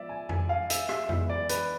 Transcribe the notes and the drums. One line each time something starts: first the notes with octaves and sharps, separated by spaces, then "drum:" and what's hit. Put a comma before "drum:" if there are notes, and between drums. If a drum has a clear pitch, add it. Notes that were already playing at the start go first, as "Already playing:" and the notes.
Already playing: F3 G#3 B3 D5 E5
G#5
G#5, drum: tom F2
F5
E5, drum: hi-hat
E5, drum: rim click
E3 G#3 B3 E4 E5, drum: tom F2
D5
B4, drum: hi-hat